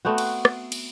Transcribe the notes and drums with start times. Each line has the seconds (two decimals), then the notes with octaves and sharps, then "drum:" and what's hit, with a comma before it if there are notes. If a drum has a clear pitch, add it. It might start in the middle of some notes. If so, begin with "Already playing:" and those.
0.05 A3 B3 C4 F#4
0.18 drum: cymbal
0.45 drum: rim click
0.72 drum: cymbal